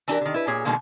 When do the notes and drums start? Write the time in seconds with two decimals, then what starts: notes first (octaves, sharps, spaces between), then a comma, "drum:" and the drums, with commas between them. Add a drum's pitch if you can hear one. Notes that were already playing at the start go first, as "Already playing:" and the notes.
0.08 E3 D4 G4 A#4, drum: hi-hat
0.21 D3 D#3
0.34 E4 B4
0.47 A#2 G4 G#4 C#5
0.65 B2 D3 D#3 G#3 A#3